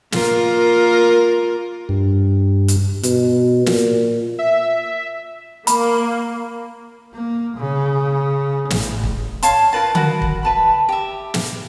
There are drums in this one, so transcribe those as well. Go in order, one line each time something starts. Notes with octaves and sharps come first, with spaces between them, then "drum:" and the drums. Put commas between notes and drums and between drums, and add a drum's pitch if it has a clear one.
A#3 F4 A#4, drum: snare
G2
drum: hi-hat
B2, drum: hi-hat
A#2, drum: snare
E5
A#3 B5, drum: hi-hat
A#3
C#3
A1, drum: snare
drum: kick
C#5 F5 A5 C6, drum: hi-hat
F4 A#4 B4 A5
F#4 A#4 F#5 B5, drum: tom D3
drum: kick
B4 A5 B5
G4 E5
drum: snare